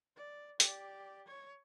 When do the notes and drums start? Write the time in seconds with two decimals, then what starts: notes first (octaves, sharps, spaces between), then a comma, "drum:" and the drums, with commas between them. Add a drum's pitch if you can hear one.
0.16 D5
0.60 G4 D5, drum: hi-hat
1.27 C#5